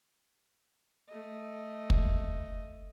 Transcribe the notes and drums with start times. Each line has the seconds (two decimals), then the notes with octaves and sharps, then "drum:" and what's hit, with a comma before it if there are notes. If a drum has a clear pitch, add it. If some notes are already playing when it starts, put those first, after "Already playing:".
1.09 A3 D#5
1.90 drum: kick